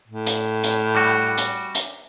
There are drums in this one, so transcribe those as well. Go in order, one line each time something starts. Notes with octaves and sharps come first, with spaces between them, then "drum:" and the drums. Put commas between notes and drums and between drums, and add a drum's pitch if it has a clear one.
A2
drum: hi-hat
drum: hi-hat
G3 F#4
drum: hi-hat
drum: hi-hat